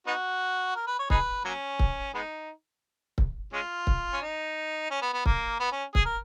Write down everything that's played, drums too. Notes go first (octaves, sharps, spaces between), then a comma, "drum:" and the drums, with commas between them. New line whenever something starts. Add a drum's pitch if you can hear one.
B3 D#4 F#4
A#4
B4
C#5
D#4 G#4 B4, drum: kick C#1
F#3 A#3 C#4
drum: kick C#1
G#3 B3 D#4
drum: kick C#1
G#3 C#4 F4
drum: kick C#1
C#4
D#4
C#4
B3
B3
A#3, drum: kick C#1
B3
C#4
G#4, drum: kick C#1
A#4